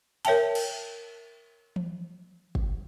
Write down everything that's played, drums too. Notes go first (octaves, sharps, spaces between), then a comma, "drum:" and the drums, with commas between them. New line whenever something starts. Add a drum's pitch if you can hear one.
A#4 C#5 E5 G5 A5, drum: cymbal
drum: cymbal
drum: tom E3
drum: kick